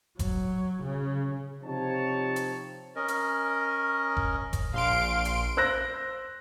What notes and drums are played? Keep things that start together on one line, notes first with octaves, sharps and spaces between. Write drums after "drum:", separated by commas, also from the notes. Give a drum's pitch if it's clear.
F#3, drum: kick F1, hi-hat
C#3
C3 F3 C4 D#4 C#5 A5
drum: hi-hat
C#4 A#4 D#5
drum: hi-hat
drum: kick F1
drum: kick F1, hi-hat
A#1 F5 C6 D7
drum: hi-hat
C5 E6 F#6 A#6